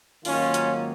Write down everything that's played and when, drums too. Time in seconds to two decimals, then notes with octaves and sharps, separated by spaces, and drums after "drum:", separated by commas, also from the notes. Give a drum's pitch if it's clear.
0.25 G#2 D#3 F#3 A#3 C#4 F4, drum: open hi-hat
0.54 drum: hi-hat